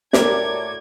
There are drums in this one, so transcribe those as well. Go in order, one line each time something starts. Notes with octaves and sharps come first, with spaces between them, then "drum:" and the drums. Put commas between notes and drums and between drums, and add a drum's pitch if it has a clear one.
A2 F#4 G4 A#4 D5 G#6, drum: snare